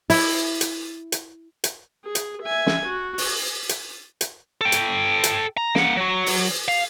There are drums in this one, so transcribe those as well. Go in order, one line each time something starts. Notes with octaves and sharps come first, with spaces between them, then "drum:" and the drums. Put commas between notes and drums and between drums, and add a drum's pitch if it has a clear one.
E4, drum: open hi-hat
drum: hi-hat
drum: hi-hat
drum: hi-hat
G#4
drum: hi-hat
E5 G#5
drum: snare
F#4
drum: open hi-hat
drum: hi-hat
drum: hi-hat
A4 G5
drum: hi-hat
drum: hi-hat
A#5
A#3 F#5, drum: snare
F#3 F#4
drum: open hi-hat
F5